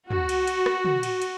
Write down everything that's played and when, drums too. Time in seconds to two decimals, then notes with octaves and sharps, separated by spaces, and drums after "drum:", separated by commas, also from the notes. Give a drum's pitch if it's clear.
0.10 F#4, drum: tom
0.29 drum: cymbal
0.48 drum: cymbal
0.66 drum: rim click
0.85 drum: tom
1.03 drum: cymbal
1.22 drum: cymbal